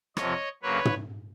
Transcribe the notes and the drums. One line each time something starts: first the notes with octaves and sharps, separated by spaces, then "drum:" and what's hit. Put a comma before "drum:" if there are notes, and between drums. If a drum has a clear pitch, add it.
F2 C3 F3 C#5 D#5, drum: rim click
D2 C#3 F#3 A#3 B4 C#5
drum: tom